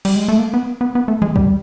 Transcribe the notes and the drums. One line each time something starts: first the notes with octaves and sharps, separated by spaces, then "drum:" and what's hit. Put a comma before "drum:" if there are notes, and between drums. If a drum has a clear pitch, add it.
G3, drum: cymbal
G#3
A3
A#3
B3
B3
B3
A3
G#3, drum: tom D#3
G3, drum: kick